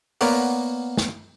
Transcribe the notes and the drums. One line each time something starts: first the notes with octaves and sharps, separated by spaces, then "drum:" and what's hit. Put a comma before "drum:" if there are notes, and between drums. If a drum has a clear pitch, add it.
A#3 B3 A#4 C#5 D5 F#5, drum: open hi-hat
drum: snare